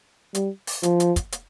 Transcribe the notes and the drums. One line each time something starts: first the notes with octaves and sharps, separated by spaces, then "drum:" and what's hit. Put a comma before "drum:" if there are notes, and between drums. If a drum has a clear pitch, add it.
G3, drum: hi-hat
drum: open hi-hat
F3, drum: hi-hat
drum: hi-hat
drum: kick, hi-hat
drum: hi-hat